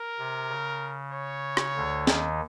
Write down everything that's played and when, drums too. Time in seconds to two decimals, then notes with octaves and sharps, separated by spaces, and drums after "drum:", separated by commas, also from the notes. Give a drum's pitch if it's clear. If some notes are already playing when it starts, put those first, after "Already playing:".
Already playing: A#4
0.18 C3
0.49 C#3
1.13 C#5
1.57 drum: rim click
1.76 D2 D3
2.07 D#2 D#3, drum: snare